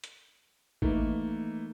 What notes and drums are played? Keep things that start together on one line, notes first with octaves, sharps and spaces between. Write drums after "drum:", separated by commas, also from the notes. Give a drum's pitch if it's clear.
drum: hi-hat
E3 A3 A#3 D#4, drum: kick G#1